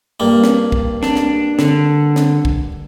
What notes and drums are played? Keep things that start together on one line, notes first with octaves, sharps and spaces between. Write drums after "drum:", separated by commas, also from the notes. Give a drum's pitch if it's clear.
G2 A#3
drum: snare
drum: kick
D4, drum: snare
drum: snare
D3, drum: snare
drum: snare
drum: kick